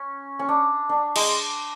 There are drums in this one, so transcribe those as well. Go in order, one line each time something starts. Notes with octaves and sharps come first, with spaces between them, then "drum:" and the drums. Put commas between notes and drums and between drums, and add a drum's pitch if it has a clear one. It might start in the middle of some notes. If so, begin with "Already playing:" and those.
Already playing: C#4
C#4
D4
D4
G#3, drum: cymbal